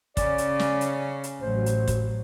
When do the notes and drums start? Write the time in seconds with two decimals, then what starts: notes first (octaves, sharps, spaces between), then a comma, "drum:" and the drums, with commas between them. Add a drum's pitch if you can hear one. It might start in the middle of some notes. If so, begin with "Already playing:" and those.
0.17 C#3 C#4 D5, drum: kick, hi-hat
0.38 drum: hi-hat
0.60 drum: snare
0.81 drum: hi-hat
1.24 drum: hi-hat
1.41 A1 F#3 C5
1.66 drum: hi-hat
1.88 drum: kick, hi-hat